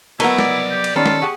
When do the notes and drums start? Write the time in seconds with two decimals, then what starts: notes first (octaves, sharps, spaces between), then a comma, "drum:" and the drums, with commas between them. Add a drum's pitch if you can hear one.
0.20 F#3 A3 B3 E4 A#4 D#5 A5, drum: cymbal
0.38 C2 D5, drum: snare
0.71 G4
0.84 drum: cymbal
0.96 D#3 G3 C#4 F4 A4
1.06 drum: snare
1.22 G4 G#4 F#5 C#6